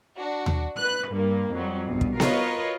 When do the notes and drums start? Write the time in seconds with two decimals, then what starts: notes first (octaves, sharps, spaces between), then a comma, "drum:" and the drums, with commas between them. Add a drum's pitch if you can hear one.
0.19 D4 F#4
0.46 drum: tom D#2
0.78 B4 F#6
1.12 G2 A#3
1.55 F2 F#3 G3
1.89 A#1 G2 B2
2.01 drum: kick
2.20 F4 F#4 A#4 B4 C#5 D#5, drum: snare B3